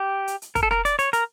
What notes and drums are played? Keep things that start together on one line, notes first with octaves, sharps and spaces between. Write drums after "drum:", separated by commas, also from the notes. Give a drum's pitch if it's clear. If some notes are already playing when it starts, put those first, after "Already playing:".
Already playing: G4
drum: hi-hat
drum: hi-hat
A#4, drum: kick, hi-hat
A4
A#4, drum: rim click
D5, drum: hi-hat
C#5, drum: hi-hat
A#4, drum: hi-hat